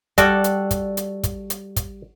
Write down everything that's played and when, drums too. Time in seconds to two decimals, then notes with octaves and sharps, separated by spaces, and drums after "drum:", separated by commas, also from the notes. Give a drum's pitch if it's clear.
0.18 G3 F#4 A4 D5, drum: kick, hi-hat
0.44 drum: hi-hat
0.71 drum: kick, hi-hat
0.97 drum: hi-hat
1.24 drum: kick, hi-hat
1.50 drum: hi-hat
1.76 drum: kick, hi-hat